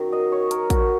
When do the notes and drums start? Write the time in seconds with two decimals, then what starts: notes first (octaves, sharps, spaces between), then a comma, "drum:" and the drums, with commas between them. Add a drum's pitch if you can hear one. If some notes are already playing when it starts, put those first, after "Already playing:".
Already playing: F#2 D#3 F#3
0.12 D#5
0.32 C#5
0.51 A#4, drum: hi-hat
0.70 F#4, drum: kick, hi-hat